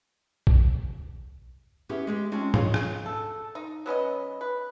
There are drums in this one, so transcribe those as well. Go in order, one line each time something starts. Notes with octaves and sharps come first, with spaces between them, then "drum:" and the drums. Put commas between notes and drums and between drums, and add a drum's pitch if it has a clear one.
drum: kick A#1
B3 C#4 E4 G4 G#4
G#3 G4 G#4
G#3 C4 C#4 F4 A5
F4 G#4 C5 C#5 D#5 F5, drum: tom G#2
drum: rim click
A4
D#4
F#3 B3 C#4 D#5
B4